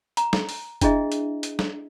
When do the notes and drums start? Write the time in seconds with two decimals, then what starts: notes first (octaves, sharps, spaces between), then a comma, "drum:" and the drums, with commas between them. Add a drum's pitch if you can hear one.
0.17 A#5, drum: hi-hat
0.33 drum: snare
0.49 drum: open hi-hat
0.81 D4 E4 G#4 D#5 E5, drum: kick F#1, hi-hat
1.12 drum: hi-hat
1.43 drum: hi-hat
1.59 drum: snare